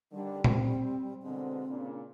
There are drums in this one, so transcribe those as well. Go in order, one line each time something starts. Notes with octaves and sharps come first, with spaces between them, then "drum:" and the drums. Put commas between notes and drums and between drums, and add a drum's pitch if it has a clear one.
D3 D#3 G3 D4
C4, drum: tom A#2
G#2 B2 D3 C4
A#2 C#3 D4